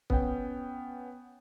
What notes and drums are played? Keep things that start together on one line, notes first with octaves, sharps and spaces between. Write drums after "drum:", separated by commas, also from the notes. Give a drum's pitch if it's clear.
B3 C#4 G5, drum: kick